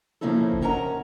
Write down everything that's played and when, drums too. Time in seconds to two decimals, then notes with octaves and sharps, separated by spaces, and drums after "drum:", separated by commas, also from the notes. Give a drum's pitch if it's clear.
0.21 C#3 F3 A#3 C#4 E4 A4
0.52 drum: kick F1
0.62 D#2 C#4 A#4 F#5 G5 A#5